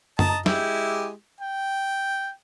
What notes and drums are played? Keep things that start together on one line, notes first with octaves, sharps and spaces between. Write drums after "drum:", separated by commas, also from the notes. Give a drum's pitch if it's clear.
D#5 A5 A#5, drum: tom F#2
G#3 E4 G4, drum: snare
G5